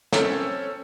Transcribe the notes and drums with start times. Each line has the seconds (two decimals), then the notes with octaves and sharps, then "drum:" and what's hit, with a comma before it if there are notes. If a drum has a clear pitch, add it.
0.12 C4 C#4 A4 C#5, drum: snare